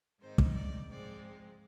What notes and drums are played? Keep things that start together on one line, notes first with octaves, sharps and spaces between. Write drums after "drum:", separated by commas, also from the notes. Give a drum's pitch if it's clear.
G#2 D#3 G#3 C4 D#4 C5
drum: kick
D5
G#2 F3 G#3 C4 D5